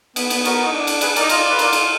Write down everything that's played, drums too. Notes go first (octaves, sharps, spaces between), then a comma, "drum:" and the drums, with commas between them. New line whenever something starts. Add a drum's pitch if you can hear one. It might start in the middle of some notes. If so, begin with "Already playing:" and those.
B3, drum: cymbal
B3, drum: cymbal
B3 F#4 A#4, drum: cymbal
D#4
D4
drum: cymbal
G#4 B4, drum: cymbal
D#4 A#4 D5, drum: cymbal
F4 D#5, drum: cymbal
D5
B4
A#4 D5, drum: cymbal
drum: cymbal